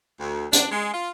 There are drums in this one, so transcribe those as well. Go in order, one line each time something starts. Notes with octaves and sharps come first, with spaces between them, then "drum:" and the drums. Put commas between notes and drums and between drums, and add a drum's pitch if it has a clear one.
D2
D4, drum: hi-hat
G#3
F4